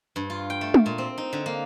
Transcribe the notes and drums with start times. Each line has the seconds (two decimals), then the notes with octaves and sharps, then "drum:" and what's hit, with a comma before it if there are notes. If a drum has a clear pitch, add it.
0.16 G2
0.30 F4
0.50 G5
0.61 A3
0.74 drum: tom G#3
0.86 A#2
0.98 C4
1.18 D#4
1.33 D3
1.46 A#3